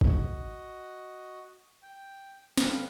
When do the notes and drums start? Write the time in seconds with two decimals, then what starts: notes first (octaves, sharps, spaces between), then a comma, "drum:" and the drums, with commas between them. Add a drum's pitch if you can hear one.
0.01 F#4 D#5, drum: kick
1.82 G5
2.58 G2 D3 G3 F5 F#6, drum: snare